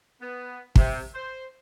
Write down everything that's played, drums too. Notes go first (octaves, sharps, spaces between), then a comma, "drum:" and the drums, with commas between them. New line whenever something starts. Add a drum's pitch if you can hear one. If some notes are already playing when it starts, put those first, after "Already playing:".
B3
C3, drum: kick
C5